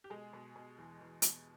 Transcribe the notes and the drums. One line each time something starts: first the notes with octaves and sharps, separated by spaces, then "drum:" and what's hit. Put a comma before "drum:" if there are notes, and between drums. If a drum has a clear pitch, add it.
G4
B2 G#3 G#4
B2
B2
E2
E2
B2, drum: hi-hat